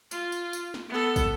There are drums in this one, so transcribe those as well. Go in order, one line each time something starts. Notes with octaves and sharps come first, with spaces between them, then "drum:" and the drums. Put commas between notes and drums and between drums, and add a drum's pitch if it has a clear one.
F4, drum: tambourine
drum: tambourine
drum: tambourine
drum: snare
B3 A4
drum: kick, tambourine